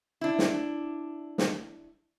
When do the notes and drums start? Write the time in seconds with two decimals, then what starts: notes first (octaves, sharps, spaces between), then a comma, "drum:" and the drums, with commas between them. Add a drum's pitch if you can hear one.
0.21 D4 E4
0.39 drum: snare
1.38 drum: snare